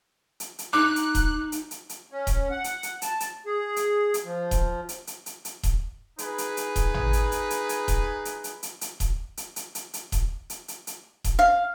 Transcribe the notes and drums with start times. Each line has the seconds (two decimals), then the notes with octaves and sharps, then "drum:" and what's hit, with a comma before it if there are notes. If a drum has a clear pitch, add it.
0.40 drum: hi-hat
0.59 drum: hi-hat
0.73 D#4 D6 F#6
0.96 drum: hi-hat
1.15 drum: kick D#1, hi-hat
1.52 drum: hi-hat
1.71 drum: hi-hat
1.89 drum: hi-hat
2.11 C#4
2.27 drum: kick D#1, hi-hat
2.50 F#5
2.64 drum: hi-hat
2.83 drum: hi-hat
3.02 A5, drum: hi-hat
3.20 drum: hi-hat
3.46 G#4
3.76 drum: hi-hat
4.14 drum: hi-hat
4.25 F3
4.51 drum: kick D#1, hi-hat
4.89 drum: hi-hat
5.07 drum: hi-hat
5.26 drum: hi-hat
5.45 drum: hi-hat
5.63 drum: kick D#1, hi-hat
6.18 D#4 G#4 B4, drum: hi-hat
6.38 drum: hi-hat
6.57 drum: hi-hat
6.76 drum: kick D#1, hi-hat
6.94 drum: tom G#1
7.13 drum: hi-hat
7.32 drum: hi-hat
7.50 drum: hi-hat
7.69 drum: hi-hat
7.88 drum: kick D#1, hi-hat
8.25 drum: hi-hat
8.44 drum: hi-hat
8.63 drum: hi-hat
8.81 drum: hi-hat
9.00 drum: kick D#1, hi-hat
9.37 drum: hi-hat
9.56 drum: hi-hat
9.75 drum: hi-hat
9.93 drum: hi-hat
10.12 drum: kick D#1, hi-hat
10.50 drum: hi-hat
10.68 drum: hi-hat
10.87 drum: hi-hat
11.24 drum: kick D#1, hi-hat
11.39 F5